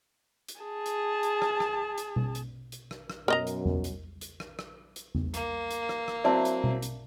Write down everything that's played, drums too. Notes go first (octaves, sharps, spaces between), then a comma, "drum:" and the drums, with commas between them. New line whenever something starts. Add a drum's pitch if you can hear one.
drum: hi-hat
G#4 A5
drum: hi-hat
drum: hi-hat
drum: rim click
drum: rim click
drum: hi-hat
drum: tom B2
drum: hi-hat
drum: hi-hat
drum: rim click
drum: rim click
F#2 B2 A#4 D#5 A#5
drum: hi-hat
drum: tom E2
drum: hi-hat
drum: hi-hat
drum: rim click
drum: rim click
drum: hi-hat
drum: tom E2
A#3, drum: hi-hat
drum: hi-hat
drum: rim click
drum: rim click
F#3 C4 E4 D5 E5 A5
drum: hi-hat
drum: tom B2
drum: hi-hat